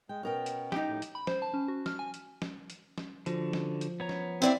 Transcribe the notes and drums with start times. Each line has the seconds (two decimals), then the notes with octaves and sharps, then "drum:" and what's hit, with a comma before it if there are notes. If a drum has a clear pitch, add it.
0.09 G#3 G5
0.23 B2 B3 C#4 A#4 G5
0.46 drum: hi-hat
0.72 D#4 G4, drum: snare
0.89 A2
1.02 drum: hi-hat
1.15 B5
1.27 C5, drum: snare
1.42 A5
1.54 C#4
1.68 F#4
1.86 F6, drum: snare
1.99 G#5
2.14 drum: hi-hat
2.42 drum: snare
2.70 drum: hi-hat
2.98 drum: snare
3.26 D3 F3 F#4, drum: hi-hat
3.53 drum: snare
3.81 drum: hi-hat
4.00 B3 C#5 A#5
4.09 drum: snare
4.42 C4 E4 D5 F5